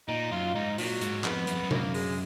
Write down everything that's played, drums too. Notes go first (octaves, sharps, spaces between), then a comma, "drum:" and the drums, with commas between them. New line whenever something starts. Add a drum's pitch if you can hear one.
A#2 D#4
F#2 F4
G#2 D#4
A#2 D#3 F#3, drum: open hi-hat
G#2, drum: hi-hat
F2 D#3 G#3 B3, drum: clap
F#2, drum: hi-hat
F2
F#2
D#3 F#3 A#3, drum: tom C3
G#3, drum: open hi-hat